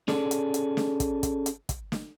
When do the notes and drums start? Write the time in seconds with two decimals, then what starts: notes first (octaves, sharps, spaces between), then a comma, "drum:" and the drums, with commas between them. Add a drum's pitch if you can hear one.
0.08 C#4 G#4 A4 D5, drum: snare
0.31 drum: hi-hat
0.54 drum: hi-hat
0.77 drum: snare
1.00 drum: kick, hi-hat
1.23 drum: kick, hi-hat
1.46 drum: hi-hat
1.69 drum: kick, hi-hat
1.92 drum: snare